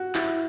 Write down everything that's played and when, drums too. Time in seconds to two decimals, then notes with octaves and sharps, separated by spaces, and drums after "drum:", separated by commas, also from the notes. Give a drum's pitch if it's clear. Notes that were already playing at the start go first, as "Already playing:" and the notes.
Already playing: F#4
0.15 E4, drum: clap